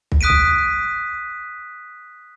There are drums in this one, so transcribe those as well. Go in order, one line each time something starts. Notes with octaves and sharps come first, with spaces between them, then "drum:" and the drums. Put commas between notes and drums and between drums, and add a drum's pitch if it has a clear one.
drum: kick
D#6 F#6 B6 D7 D#7
drum: kick